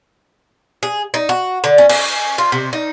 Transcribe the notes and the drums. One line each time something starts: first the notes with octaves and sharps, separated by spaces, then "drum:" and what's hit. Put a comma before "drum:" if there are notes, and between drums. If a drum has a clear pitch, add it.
G#4
D#4
F#4
D3
C#4
C#4, drum: cymbal
F4
C3
D#4